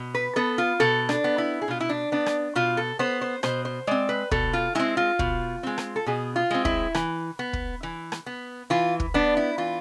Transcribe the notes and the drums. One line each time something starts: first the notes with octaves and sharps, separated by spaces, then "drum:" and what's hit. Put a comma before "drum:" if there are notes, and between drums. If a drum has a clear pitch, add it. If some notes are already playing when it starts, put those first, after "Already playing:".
Already playing: B2
B4
B3 A4
F4
B2 A4
D4, drum: rim click
B3
E4
G#4
B2 F4
E4
D4
B3 D4
drum: rim click
B2 F4
A4
B3 C5
C5
B2 C5, drum: rim click
C5
G#3 C4 D5
B4
B2 A4, drum: kick
F4
G#3 C4 E4
F4
B2, drum: kick
G#3 C4
drum: rim click
A4
B2 G#4
F4
G#3 C4
E4, drum: kick
E3, drum: rim click
B3
drum: kick
E3
drum: rim click
B3
E3 F4
drum: kick
B3 D4
E4
E3 F4